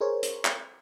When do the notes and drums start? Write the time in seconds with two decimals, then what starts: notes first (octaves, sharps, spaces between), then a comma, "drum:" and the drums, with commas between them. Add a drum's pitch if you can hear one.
0.01 G#4 A#4 C5 C#5
0.23 drum: hi-hat
0.45 drum: clap